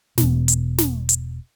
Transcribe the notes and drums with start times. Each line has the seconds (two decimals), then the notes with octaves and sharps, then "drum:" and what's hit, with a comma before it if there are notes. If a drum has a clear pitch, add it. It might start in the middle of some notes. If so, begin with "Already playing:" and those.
0.18 E1 B2, drum: snare
0.48 drum: hi-hat
0.78 drum: snare
1.09 drum: hi-hat